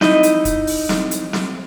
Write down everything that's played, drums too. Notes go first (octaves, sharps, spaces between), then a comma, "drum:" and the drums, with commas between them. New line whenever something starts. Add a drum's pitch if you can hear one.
D#4 E4 D#5, drum: snare
drum: hi-hat
drum: kick, hi-hat
drum: open hi-hat
drum: snare
drum: hi-hat
drum: snare